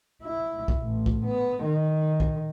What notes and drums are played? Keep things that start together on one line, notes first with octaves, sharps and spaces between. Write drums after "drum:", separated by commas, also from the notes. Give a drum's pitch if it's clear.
E4
drum: kick
A1
drum: kick
B3
D#3
drum: kick